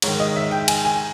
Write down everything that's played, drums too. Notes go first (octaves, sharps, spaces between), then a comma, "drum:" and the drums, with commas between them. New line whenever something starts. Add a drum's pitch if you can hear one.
G#2 D#3 C#5, drum: cymbal
D#5
E5
G5
G#5, drum: cymbal
G#5